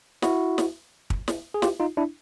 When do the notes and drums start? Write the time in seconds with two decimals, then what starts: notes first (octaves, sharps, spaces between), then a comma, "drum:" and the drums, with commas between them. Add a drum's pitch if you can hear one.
0.22 E4 F#4, drum: snare
0.58 drum: snare
1.10 drum: kick
1.28 drum: snare
1.54 G#4
1.62 F4 G4, drum: snare
1.80 D#4 F4
1.97 D4 E4